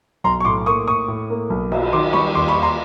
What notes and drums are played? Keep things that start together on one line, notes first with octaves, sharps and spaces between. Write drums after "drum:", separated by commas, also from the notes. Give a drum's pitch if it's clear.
B1 A#5 C6
C#6
A2 C6 D6
A#3 C#6 D#6
A2 C#6 D#6
A2
A#3
B1
F#3, drum: cymbal
D#3 C6 D6
G3 B5 C#6
D#2 C6 D6
B5 C#6
D#2
A#5 C6